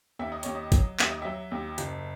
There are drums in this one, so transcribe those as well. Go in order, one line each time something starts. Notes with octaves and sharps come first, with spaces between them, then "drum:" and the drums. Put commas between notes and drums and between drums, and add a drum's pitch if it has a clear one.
D#2 E5
D#5
D#2 C#5, drum: hi-hat
D#5
F#3, drum: kick G#1, hi-hat
D#2 E5, drum: clap
D#5
F#3 E5
D#2
F#1, drum: hi-hat